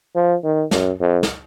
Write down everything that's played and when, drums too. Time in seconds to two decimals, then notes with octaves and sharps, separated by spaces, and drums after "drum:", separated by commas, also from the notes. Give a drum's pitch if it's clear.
0.15 F3
0.44 D#3
0.71 F#2, drum: snare
1.01 F2
1.23 drum: snare